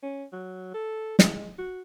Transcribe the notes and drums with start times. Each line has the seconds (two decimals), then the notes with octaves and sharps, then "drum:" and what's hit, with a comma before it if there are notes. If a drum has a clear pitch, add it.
0.03 C#4
0.32 F#3
0.74 A4
1.19 G#3, drum: snare
1.58 F#4